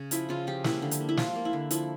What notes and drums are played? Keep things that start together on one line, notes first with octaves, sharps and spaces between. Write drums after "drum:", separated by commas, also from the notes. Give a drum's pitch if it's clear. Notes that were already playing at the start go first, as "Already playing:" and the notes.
Already playing: C#3
F3 E4, drum: hi-hat
C#3 F4
F3 G4
A#3 E4, drum: snare
D3
drum: hi-hat
A#3
E4
F3 F4, drum: snare
A#3
E4
D3
F3 E4, drum: hi-hat